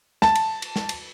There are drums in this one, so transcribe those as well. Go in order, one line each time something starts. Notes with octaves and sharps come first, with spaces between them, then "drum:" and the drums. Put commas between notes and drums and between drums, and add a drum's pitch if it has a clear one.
A5, drum: snare
drum: cymbal
drum: cymbal
drum: snare
drum: cymbal